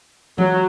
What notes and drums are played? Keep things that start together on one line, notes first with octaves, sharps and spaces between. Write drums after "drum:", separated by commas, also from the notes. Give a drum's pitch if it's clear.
F#3, drum: tom E3